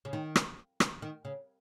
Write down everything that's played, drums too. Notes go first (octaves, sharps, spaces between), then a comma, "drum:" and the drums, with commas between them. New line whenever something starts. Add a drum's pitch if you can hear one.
C#3
D#3
drum: rim click
drum: rim click
D#3
C#3